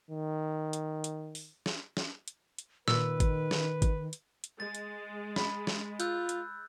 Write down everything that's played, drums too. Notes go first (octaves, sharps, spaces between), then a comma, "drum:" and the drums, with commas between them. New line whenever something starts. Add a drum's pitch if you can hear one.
D#3
drum: hi-hat
drum: hi-hat
drum: open hi-hat
drum: snare
drum: snare
drum: hi-hat
drum: hi-hat
A#2 D#3 B4 E6, drum: snare
drum: kick G#1, hi-hat
drum: snare
drum: kick G#1, hi-hat
drum: hi-hat
drum: hi-hat
G#3 A6
drum: hi-hat
B5, drum: snare
drum: snare
F4 E6 F#6 G6, drum: hi-hat
drum: hi-hat